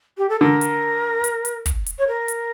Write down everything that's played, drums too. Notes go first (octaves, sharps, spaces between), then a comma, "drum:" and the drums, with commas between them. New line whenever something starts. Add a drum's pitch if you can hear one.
G4
A4
D3 A#4
drum: hi-hat
drum: hi-hat
drum: hi-hat
drum: kick, hi-hat
drum: hi-hat
C#5
A#4
drum: hi-hat